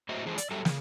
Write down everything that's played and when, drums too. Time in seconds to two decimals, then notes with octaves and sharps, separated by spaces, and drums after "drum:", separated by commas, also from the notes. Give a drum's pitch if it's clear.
0.09 A2 F#4 C5 D#5 E5
0.26 D3 E3 F3 G#3 G#4 C5
0.38 D5, drum: hi-hat
0.51 F#3 G3 G4 A4 E5
0.65 C#3, drum: snare